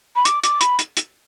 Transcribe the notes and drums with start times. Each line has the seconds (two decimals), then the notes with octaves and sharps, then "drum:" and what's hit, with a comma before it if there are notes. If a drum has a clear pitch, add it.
0.16 B5
0.25 D6, drum: hi-hat
0.44 D6, drum: hi-hat
0.61 B5, drum: hi-hat
0.79 drum: hi-hat
0.97 drum: hi-hat